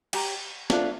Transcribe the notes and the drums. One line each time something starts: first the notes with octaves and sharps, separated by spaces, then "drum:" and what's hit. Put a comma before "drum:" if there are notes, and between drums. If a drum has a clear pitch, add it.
G4 C#5 G5 A#5, drum: cymbal
D4 F4 A4 E5, drum: snare